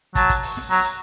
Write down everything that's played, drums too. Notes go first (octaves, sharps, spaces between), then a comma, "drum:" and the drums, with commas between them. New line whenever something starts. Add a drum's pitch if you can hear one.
F#3 A5, drum: kick, hi-hat
drum: kick, hi-hat
drum: open hi-hat
drum: snare
F#3 A#5, drum: open hi-hat
drum: hi-hat